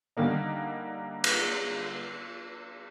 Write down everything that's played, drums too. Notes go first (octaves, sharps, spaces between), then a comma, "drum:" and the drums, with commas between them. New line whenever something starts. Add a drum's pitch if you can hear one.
D3 G3 A#3 D#4
drum: cymbal